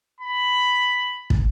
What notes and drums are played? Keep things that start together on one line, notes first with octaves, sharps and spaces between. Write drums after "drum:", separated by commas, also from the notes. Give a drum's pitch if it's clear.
B5
drum: kick